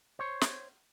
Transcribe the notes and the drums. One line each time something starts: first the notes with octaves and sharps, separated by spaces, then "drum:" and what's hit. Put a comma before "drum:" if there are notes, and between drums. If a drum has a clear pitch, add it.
C5 C#5
drum: snare